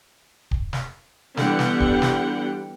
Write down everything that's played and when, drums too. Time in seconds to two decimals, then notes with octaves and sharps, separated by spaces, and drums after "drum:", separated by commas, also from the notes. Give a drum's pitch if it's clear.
0.51 drum: kick
0.73 drum: snare
1.37 D3 E3 G3 B3 F#5 G5, drum: snare
1.59 drum: snare
1.80 drum: kick
2.02 drum: snare